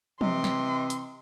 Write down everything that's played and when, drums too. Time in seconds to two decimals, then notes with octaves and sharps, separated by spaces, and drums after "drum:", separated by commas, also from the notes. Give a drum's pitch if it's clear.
0.21 C3 E3 D#5 C6, drum: tom
0.44 drum: snare
0.90 drum: hi-hat